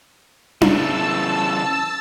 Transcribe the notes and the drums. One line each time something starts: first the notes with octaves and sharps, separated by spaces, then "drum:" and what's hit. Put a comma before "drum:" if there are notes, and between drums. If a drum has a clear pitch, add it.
C#3 E3 A5 E6, drum: tom D4